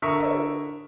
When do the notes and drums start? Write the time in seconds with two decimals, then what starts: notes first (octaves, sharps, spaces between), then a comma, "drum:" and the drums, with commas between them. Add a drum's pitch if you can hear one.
0.02 D3 A#4 E5 C#6 D#6
0.20 drum: tom